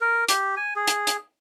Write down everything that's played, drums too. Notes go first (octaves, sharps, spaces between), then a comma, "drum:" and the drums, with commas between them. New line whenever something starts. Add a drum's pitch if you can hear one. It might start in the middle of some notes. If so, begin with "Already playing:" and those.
A#4
G4, drum: hi-hat
G#5
G#4
drum: hi-hat
drum: hi-hat